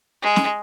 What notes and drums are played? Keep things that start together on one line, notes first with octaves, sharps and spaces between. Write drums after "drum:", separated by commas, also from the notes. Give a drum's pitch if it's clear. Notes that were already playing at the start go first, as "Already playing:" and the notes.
G#3
drum: snare